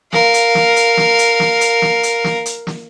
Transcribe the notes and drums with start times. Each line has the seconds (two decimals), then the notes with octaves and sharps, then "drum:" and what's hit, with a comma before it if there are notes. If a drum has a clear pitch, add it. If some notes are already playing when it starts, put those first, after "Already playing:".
0.13 A#4 F5, drum: snare
0.34 drum: hi-hat
0.55 drum: snare
0.76 drum: hi-hat
0.97 drum: snare
1.19 drum: hi-hat
1.40 drum: snare
1.61 drum: hi-hat
1.82 drum: snare
2.03 drum: hi-hat
2.24 drum: snare
2.46 drum: hi-hat
2.67 drum: snare